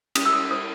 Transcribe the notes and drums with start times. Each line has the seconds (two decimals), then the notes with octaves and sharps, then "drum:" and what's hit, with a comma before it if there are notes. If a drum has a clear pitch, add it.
0.15 C#4 D#6, drum: cymbal
0.26 E6
0.33 D#6
0.51 C5 D#6